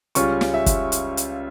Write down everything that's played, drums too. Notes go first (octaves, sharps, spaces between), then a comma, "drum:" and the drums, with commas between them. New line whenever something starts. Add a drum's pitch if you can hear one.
C#2 C#3 G3 C#4 F4 C#6, drum: hi-hat
drum: snare
E5
drum: kick, hi-hat
drum: hi-hat
drum: hi-hat